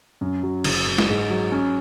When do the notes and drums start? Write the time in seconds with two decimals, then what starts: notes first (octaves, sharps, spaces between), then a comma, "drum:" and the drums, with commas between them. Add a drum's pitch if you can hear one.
0.21 F#2
0.43 F#3
0.64 F#1, drum: cymbal
0.86 F#2
0.98 drum: snare
1.09 G#2
1.30 F#3
1.52 C#4